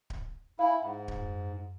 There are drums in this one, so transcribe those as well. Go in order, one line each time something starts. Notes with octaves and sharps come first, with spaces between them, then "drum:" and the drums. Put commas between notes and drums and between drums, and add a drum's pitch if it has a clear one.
drum: kick D1
E4 F5 G#5
G#2 F#5
drum: kick D1
F#2